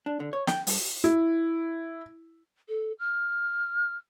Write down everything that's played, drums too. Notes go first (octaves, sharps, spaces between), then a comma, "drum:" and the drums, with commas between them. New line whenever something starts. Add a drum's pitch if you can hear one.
D4
D3
C#5
G5, drum: snare
G2, drum: open hi-hat
E4
A4
F6